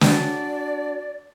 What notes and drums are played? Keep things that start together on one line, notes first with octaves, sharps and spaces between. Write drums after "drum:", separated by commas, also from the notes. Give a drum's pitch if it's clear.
D4 F#4 D5 G#5, drum: snare